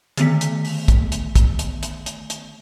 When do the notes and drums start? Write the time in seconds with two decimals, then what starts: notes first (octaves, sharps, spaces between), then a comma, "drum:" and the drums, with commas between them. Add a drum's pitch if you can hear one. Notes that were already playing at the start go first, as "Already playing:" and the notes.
0.17 D3 D#3 A3 B3 B6, drum: hi-hat
0.41 drum: hi-hat
0.65 drum: open hi-hat
0.88 drum: kick, hi-hat
1.12 drum: hi-hat
1.35 drum: kick, hi-hat
1.59 drum: hi-hat
1.83 drum: hi-hat
2.06 drum: hi-hat
2.30 drum: hi-hat